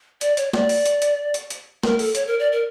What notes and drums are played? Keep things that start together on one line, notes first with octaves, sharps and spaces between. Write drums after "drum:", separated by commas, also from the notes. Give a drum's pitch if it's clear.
D5, drum: hi-hat
C#5, drum: hi-hat
D5, drum: snare
drum: open hi-hat
drum: hi-hat
drum: hi-hat
drum: hi-hat
drum: hi-hat
A#4, drum: snare
A4, drum: open hi-hat
C#5, drum: hi-hat
A#4
D5
A#4